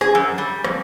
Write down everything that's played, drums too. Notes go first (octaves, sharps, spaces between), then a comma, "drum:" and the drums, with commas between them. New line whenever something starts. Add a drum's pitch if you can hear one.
G#4, drum: rim click
F#2
G3
F2, drum: rim click